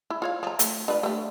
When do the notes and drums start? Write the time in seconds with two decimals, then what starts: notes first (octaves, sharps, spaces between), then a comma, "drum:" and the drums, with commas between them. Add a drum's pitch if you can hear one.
0.10 E4
0.22 F4 C#5 F5
0.43 F3 A#5
0.59 A3, drum: hi-hat
0.88 D4 F4 B4
1.03 A3 G4